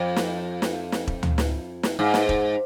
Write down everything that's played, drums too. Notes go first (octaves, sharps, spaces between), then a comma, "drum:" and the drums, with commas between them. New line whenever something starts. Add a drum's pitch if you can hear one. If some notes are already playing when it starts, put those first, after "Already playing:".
Already playing: F2
drum: snare
drum: snare
drum: snare
drum: kick E1
drum: tom D2
drum: snare
drum: snare
G#2
drum: snare
drum: kick E1